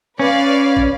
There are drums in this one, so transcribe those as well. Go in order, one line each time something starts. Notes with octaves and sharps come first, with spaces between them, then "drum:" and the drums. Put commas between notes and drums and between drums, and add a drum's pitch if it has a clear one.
C#4 B4 D5 F5
drum: kick